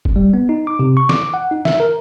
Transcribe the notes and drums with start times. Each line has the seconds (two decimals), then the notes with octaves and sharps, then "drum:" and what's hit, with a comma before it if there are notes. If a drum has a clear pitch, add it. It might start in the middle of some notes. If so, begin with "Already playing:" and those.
0.05 drum: kick
0.16 G3
0.34 B3
0.49 D#4
0.67 D6
0.79 C3
0.97 C#6
1.09 D6, drum: snare
1.34 F#5
1.51 D#4
1.65 E5, drum: snare
1.80 A#4